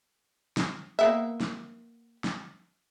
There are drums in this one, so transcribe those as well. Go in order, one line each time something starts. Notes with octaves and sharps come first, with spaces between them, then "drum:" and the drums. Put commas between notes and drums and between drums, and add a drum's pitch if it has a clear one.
drum: snare
A#3 B3 E5
drum: snare
drum: snare